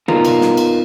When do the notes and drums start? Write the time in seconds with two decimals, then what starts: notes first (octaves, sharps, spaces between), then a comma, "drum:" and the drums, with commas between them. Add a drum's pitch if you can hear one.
0.08 B3 D#4 F4 A#4, drum: tom
0.25 drum: cymbal
0.41 drum: snare
0.57 drum: cymbal